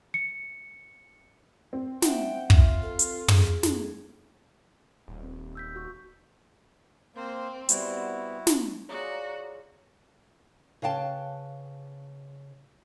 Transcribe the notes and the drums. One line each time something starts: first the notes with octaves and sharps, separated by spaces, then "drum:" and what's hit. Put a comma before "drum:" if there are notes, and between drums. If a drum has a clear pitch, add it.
C#7
C4
E5 F#5 G5, drum: snare
F4, drum: kick
A4
drum: hi-hat
G#4, drum: tom
A4, drum: snare
D#1
C4
E6 G6 B6
F#4 C#6
A#3 C4 C5
G3 B3 E4 F#4, drum: hi-hat
drum: snare
F4 F#4 G#4 C#5 D5 A#5
C#3 B4 F5 G5 A5